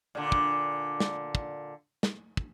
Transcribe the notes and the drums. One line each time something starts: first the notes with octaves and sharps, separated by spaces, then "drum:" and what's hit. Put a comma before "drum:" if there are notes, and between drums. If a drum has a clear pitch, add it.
A#2 D3
drum: kick
drum: snare
drum: kick
drum: snare
drum: kick